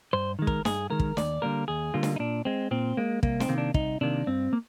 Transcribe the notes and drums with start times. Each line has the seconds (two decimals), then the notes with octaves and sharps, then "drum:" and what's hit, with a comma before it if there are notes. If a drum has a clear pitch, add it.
0.13 G2 C5
0.39 D#3 G#3
0.47 A#4, drum: kick
0.65 G2 G#4, drum: snare
0.90 D#3 G#3 A#4
1.00 drum: kick
1.17 D#2 D5, drum: snare
1.42 D3 G3 A#3 A#4
1.68 D#2 G#4
1.94 D3 G3 A#3 F4
2.03 drum: snare
2.16 D#4
2.19 A#2 D4
2.45 G#3 C4
2.71 A#2 C4
2.97 G#3 A#3
3.23 C2 A#3, drum: kick
3.40 C4, drum: snare
3.49 C3 D#3 A#3
3.58 D4
3.74 C2 D#4, drum: kick
4.01 C3 D#3 A#3 D4
4.26 G2 C4
4.53 A#3